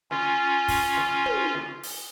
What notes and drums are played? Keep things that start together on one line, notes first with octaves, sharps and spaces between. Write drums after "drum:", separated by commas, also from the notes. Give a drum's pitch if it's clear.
C#4 F4, drum: snare
drum: kick, open hi-hat
drum: snare
drum: tom
drum: snare
drum: open hi-hat